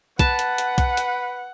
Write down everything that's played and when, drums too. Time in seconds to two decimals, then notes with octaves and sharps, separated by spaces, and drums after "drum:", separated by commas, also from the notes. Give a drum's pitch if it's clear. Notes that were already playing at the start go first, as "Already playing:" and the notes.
0.19 B4 F#5 A5, drum: kick, hi-hat
0.39 drum: hi-hat
0.58 drum: hi-hat
0.78 drum: kick, hi-hat
0.97 drum: hi-hat